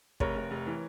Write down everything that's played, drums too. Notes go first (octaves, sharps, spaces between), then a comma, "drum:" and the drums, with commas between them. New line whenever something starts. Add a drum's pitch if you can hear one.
F1 A#4 C#5, drum: kick
F1
F1
E3